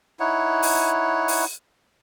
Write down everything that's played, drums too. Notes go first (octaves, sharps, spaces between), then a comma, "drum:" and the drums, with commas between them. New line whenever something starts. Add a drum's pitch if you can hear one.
D#4 E4 C#5 F#5
drum: open hi-hat
drum: open hi-hat